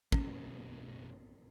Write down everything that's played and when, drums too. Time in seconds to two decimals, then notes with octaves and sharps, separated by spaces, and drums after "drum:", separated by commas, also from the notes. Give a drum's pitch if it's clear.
0.12 F#2 B2 C#4, drum: kick